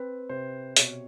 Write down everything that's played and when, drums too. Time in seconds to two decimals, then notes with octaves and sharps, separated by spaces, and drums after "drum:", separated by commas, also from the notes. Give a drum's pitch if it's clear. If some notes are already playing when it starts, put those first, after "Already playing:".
Already playing: C4 B4
0.29 C3 C5
0.76 B2 C#5, drum: hi-hat